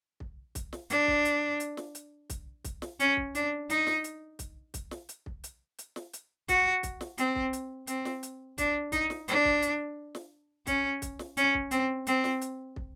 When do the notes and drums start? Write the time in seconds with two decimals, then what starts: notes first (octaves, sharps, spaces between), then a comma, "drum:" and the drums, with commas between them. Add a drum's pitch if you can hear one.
0.20 drum: kick
0.55 drum: kick, hi-hat
0.73 drum: snare
0.90 D4, drum: hi-hat
1.07 drum: kick
1.25 drum: hi-hat
1.60 drum: hi-hat
1.77 drum: snare
1.95 drum: hi-hat
2.30 drum: kick, hi-hat
2.64 drum: kick, hi-hat
2.82 drum: snare
3.00 C#4, drum: hi-hat
3.17 drum: kick
3.35 D4, drum: hi-hat
3.70 D#4, drum: hi-hat
3.87 drum: snare
4.04 drum: hi-hat
4.39 drum: kick, hi-hat
4.74 drum: kick, hi-hat
4.91 drum: snare
5.09 drum: hi-hat
5.26 drum: kick
5.44 drum: hi-hat
5.78 drum: hi-hat
5.96 drum: snare
6.13 drum: hi-hat
6.48 F#4, drum: kick, hi-hat
6.83 drum: kick, hi-hat
7.01 drum: snare
7.18 C4, drum: hi-hat
7.35 drum: kick
7.53 drum: hi-hat
7.87 C4, drum: hi-hat
8.05 drum: snare
8.23 drum: hi-hat
8.58 D4, drum: kick, hi-hat
8.92 D#4, drum: kick, hi-hat
9.10 drum: snare
9.28 D4, drum: hi-hat
9.45 drum: kick
9.62 drum: hi-hat
10.15 drum: snare
10.67 C#4, drum: kick, hi-hat
11.02 drum: kick, hi-hat
11.19 drum: snare
11.37 C#4, drum: hi-hat
11.54 drum: kick
11.71 C4, drum: hi-hat
12.07 C4, drum: hi-hat
12.24 drum: snare
12.41 drum: hi-hat
12.76 drum: kick